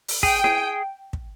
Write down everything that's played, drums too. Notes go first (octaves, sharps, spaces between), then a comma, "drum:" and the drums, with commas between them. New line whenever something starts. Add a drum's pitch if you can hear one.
drum: open hi-hat
G#4 G5, drum: kick
G#4, drum: snare E4
drum: kick